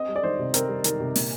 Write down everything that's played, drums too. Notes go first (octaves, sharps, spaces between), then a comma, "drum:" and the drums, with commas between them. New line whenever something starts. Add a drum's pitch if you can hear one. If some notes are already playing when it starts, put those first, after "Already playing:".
Already playing: C4 D#5
G3
D5
D#3 C5
C3
C4 A#4, drum: hi-hat
G3
D#3 A#4, drum: hi-hat
C3
A#2, drum: open hi-hat